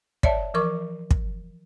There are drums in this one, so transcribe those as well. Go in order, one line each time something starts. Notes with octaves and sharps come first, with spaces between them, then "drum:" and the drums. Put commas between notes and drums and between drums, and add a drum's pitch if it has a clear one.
C#5 D5 E5 A5, drum: kick
E3 F3 A#4 C#6 D6
drum: kick